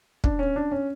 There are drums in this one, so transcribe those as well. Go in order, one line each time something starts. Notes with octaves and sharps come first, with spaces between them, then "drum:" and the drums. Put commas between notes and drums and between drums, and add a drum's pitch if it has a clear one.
D4, drum: kick
C#4
D4
C#4